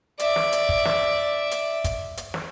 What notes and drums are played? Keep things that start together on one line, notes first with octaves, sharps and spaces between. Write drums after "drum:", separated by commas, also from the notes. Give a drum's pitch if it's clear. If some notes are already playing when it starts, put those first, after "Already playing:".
D5 E5, drum: hi-hat
drum: snare
drum: hi-hat
drum: kick
drum: snare
drum: hi-hat
drum: kick, hi-hat
drum: hi-hat
drum: snare